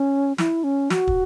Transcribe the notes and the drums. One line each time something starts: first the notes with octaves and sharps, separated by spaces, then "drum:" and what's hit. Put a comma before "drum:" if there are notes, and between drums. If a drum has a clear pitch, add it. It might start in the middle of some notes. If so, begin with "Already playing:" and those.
Already playing: C#4
E4, drum: snare
C#4
F#4, drum: snare
drum: kick